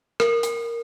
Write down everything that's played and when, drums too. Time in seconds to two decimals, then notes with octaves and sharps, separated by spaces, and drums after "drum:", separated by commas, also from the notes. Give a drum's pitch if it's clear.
0.20 A#4, drum: rim click
0.43 drum: hi-hat